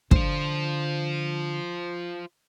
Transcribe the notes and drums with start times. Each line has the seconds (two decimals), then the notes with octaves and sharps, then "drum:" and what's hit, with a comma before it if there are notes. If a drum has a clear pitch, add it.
0.11 D3 F4 C5, drum: kick